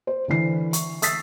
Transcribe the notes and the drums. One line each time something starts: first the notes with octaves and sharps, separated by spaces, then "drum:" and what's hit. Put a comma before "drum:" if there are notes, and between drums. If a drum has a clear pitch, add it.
C5
D3 E3 C7
C#6, drum: hi-hat
D#6 E6 A6 B6 C7, drum: hi-hat